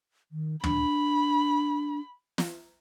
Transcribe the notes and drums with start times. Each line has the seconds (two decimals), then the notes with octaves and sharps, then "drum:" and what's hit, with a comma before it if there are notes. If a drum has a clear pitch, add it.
0.32 D#3
0.64 D4 B5, drum: tom
2.38 drum: snare